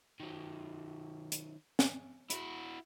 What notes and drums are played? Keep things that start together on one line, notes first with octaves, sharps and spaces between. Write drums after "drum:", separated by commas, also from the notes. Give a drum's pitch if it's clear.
D#3 F#3
drum: hi-hat
drum: snare
E4 F#4, drum: hi-hat